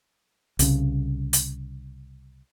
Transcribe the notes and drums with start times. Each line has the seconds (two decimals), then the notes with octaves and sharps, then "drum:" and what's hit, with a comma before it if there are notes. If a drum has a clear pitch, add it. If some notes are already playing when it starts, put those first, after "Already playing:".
0.59 C2 C#3, drum: hi-hat
1.33 drum: hi-hat